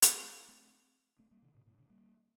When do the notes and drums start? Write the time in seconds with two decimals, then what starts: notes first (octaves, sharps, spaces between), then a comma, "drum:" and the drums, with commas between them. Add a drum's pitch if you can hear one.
0.02 drum: hi-hat
0.13 A3 C4
0.48 A3 C4
1.19 A3 C4
1.31 G3 A#3
1.42 C3 D#3
1.55 A2 C3
1.66 G2 A#2
1.78 A#2 D3
1.90 G3 A#3